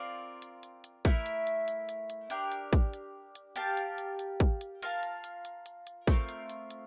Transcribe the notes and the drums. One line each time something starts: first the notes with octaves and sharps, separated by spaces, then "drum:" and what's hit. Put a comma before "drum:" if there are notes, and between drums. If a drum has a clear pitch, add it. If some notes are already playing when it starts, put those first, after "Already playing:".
Already playing: C4 F4 A#4 D5
drum: hi-hat
drum: hi-hat
drum: hi-hat
A3 E4 A#4 E5, drum: kick, hi-hat
drum: hi-hat
drum: hi-hat
drum: hi-hat
drum: hi-hat
drum: hi-hat
D4 G4 A#4, drum: hi-hat
drum: hi-hat
drum: kick, hi-hat
drum: hi-hat
drum: hi-hat
G4 A#4 F5 A5, drum: hi-hat
drum: hi-hat
drum: hi-hat
drum: hi-hat
drum: kick, hi-hat
drum: hi-hat
F4 A#4 F5 A5, drum: hi-hat
drum: hi-hat
drum: hi-hat
drum: hi-hat
drum: hi-hat
drum: hi-hat
A3 C4 F4 A#4, drum: kick, hi-hat
drum: hi-hat
drum: hi-hat
drum: hi-hat